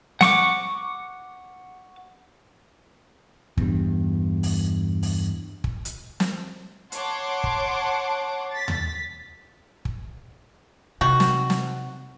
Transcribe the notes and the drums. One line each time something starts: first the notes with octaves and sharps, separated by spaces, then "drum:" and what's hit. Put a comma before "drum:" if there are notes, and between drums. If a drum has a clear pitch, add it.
F#5 C#6 D6, drum: snare
E2 G2, drum: kick
drum: open hi-hat
drum: open hi-hat
drum: kick
drum: hi-hat
drum: snare
C#5 F#5 A5 C6 D6, drum: hi-hat
drum: kick
A6 B6
drum: tom D#2
drum: kick
C3 D#3 F#4
drum: snare
drum: snare